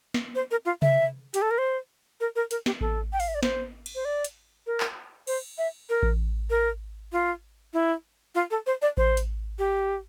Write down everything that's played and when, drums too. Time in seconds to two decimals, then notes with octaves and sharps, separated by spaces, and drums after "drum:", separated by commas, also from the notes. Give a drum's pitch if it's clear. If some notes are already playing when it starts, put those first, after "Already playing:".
0.14 drum: snare
0.35 C5
0.51 A#4
0.65 F4
0.82 E5, drum: tom C3
1.34 G4, drum: hi-hat
1.42 A4
1.51 A#4
1.58 C5
2.20 A#4
2.36 A#4
2.51 A#4, drum: hi-hat
2.66 G4, drum: snare
2.81 A4, drum: kick A1
3.13 G5
3.20 F5, drum: open hi-hat
3.28 E5
3.35 D5
3.43 C5, drum: snare
3.86 drum: cymbal
3.95 C5
4.05 D5
4.24 drum: hi-hat
4.67 A#4
4.80 drum: clap
5.27 C5, drum: cymbal
5.58 E5
5.89 A#4
6.03 drum: kick A1
6.50 A#4
7.12 F4
7.73 E4
8.35 F4
8.51 A4
8.67 C5
8.82 D5
8.97 C5, drum: kick A1
9.17 drum: hi-hat
9.59 G4